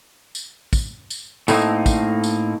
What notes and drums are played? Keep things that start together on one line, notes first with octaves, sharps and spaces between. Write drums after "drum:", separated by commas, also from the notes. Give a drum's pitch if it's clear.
drum: tambourine
drum: kick, tambourine
drum: tambourine
A2 A3 A#3 C4 D#4, drum: tambourine
drum: kick, tambourine
drum: tambourine